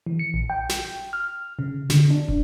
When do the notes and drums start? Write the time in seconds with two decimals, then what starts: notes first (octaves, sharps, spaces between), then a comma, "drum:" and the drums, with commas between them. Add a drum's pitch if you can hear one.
0.06 E3
0.19 C#7
0.34 A#1
0.50 G5
0.69 drum: snare
1.13 F6
1.59 C#3
1.90 D3, drum: snare
2.10 D4
2.28 drum: kick